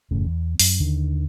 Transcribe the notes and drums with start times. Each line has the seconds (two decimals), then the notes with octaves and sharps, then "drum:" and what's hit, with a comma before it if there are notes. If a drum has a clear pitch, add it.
0.11 F#1 E2 A2 C#3
0.25 E2
0.60 F#2, drum: open hi-hat
0.80 D#2 D3 D#3